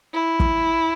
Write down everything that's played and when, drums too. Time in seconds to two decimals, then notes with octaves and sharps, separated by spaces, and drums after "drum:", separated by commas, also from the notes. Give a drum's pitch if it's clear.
0.14 E4
0.40 drum: kick